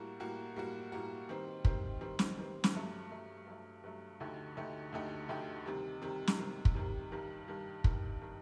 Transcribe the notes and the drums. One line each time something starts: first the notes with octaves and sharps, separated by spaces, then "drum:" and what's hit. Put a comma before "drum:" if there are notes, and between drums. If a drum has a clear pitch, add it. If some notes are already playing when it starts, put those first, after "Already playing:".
Already playing: A2 G3 A#3 F#4
A2 G3 A#3 F#4
A2 G3 A#3 F#4
A2 G3 A#3 F#4
D#3 G3 C4
D#3 G3 C4, drum: kick
D#3 G3 C4
drum: snare
D#3 G3 C4
drum: snare
G2 F#3 A3
G2 F#3 A3
G2 F#3 A3
G2 F#3 A3
D2 D3 A3 D#4 G4
D2 D3 A3 D#4 G4
D2 D3 A3 D#4 G4
D2 D3 A3 D#4 G4
C3 D#3 G3
C3 D#3 G3
drum: snare
C3 D#3 G3
drum: kick
C3 D#3 G3
G2 D#3 G3
G2 D#3 G3
G2 D#3 G3, drum: kick
D#3 G3